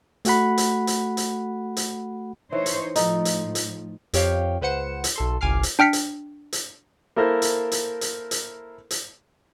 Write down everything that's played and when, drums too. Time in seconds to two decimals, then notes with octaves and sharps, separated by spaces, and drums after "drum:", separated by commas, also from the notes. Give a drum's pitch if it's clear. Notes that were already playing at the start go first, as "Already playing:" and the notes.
0.25 A3 F#4 F#5 B5, drum: hi-hat
0.58 drum: hi-hat
0.87 drum: hi-hat
1.17 drum: hi-hat
1.77 drum: hi-hat
2.52 E3 D#4 C5 C#5
2.66 drum: hi-hat
2.96 A2 F3 D#4 A4, drum: hi-hat
3.25 drum: hi-hat
3.55 drum: hi-hat
4.13 F2 G4 C#5 F5 G5, drum: hi-hat
4.61 C#2 B4 C5 F#5 C#7 E7
5.04 drum: hi-hat
5.16 B1 A4 C6
5.41 G1 C2 G#5 D6 F6 C7
5.63 drum: hi-hat
5.79 D4 G5 F6 B6 C#7
5.93 drum: hi-hat
6.53 drum: hi-hat
7.16 A#3 E4 A4 A#4 C5
7.42 drum: hi-hat
7.72 drum: hi-hat
8.01 drum: hi-hat
8.31 drum: hi-hat
8.91 drum: hi-hat